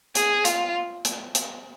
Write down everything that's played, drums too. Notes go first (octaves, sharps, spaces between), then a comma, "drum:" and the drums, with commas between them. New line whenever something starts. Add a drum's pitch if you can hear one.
G#4, drum: hi-hat
F4, drum: hi-hat
drum: hi-hat
drum: hi-hat